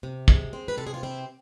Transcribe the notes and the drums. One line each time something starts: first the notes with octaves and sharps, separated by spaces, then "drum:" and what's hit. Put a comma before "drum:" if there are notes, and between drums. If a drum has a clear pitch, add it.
C3
G#3, drum: kick
C4
B4
C3 A4
G#4
F4
C4 E4